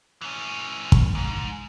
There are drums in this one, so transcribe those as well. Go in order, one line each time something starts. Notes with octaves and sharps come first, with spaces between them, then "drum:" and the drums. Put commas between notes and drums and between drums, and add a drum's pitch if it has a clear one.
E3 C#4
drum: kick
G#2